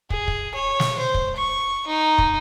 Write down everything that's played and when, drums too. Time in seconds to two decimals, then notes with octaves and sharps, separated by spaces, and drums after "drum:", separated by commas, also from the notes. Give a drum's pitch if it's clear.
0.10 G#4, drum: kick
0.28 drum: kick
0.55 C#5
0.80 drum: snare
0.98 C5
1.14 drum: kick
1.36 C#6
1.87 D#4
2.18 drum: kick